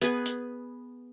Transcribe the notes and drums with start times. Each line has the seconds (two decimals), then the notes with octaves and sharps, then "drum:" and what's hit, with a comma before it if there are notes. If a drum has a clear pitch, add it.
0.01 B3 G#4 B4 G#5, drum: hi-hat
0.26 drum: hi-hat